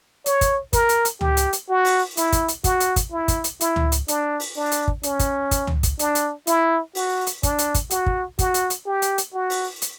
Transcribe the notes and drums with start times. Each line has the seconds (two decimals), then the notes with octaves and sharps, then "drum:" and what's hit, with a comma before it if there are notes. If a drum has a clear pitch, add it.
0.26 C#5, drum: hi-hat
0.41 drum: kick, hi-hat
0.73 A#4, drum: kick, hi-hat
0.89 drum: hi-hat
1.05 drum: hi-hat
1.21 G4, drum: tom C#2
1.37 drum: hi-hat
1.53 drum: hi-hat
1.69 F#4
1.85 drum: open hi-hat
2.17 E4, drum: hi-hat
2.33 drum: kick, hi-hat
2.49 drum: hi-hat
2.64 F#4, drum: kick, hi-hat
2.80 drum: hi-hat
2.96 drum: kick, hi-hat
3.12 E4
3.28 drum: kick, hi-hat
3.44 drum: hi-hat
3.61 E4, drum: hi-hat
3.76 drum: tom C#2
3.92 drum: hi-hat
4.08 D4, drum: hi-hat
4.40 drum: open hi-hat
4.56 D4
4.72 drum: hi-hat
4.88 drum: kick
5.03 C#4, drum: hi-hat
5.20 drum: kick, hi-hat
5.51 drum: kick, hi-hat
5.67 drum: tom C#2
5.83 drum: kick, hi-hat
5.99 D4, drum: hi-hat
6.15 drum: hi-hat
6.47 E4, drum: hi-hat
6.95 F#4, drum: open hi-hat
7.27 drum: hi-hat
7.43 D4, drum: kick, hi-hat
7.59 drum: hi-hat
7.75 drum: kick, hi-hat
7.91 F#4, drum: hi-hat
8.06 drum: kick
8.39 F#4, drum: kick, hi-hat
8.54 drum: hi-hat
8.70 drum: hi-hat
8.86 G4
9.02 drum: hi-hat
9.18 drum: hi-hat
9.34 F#4
9.50 drum: open hi-hat
9.82 drum: hi-hat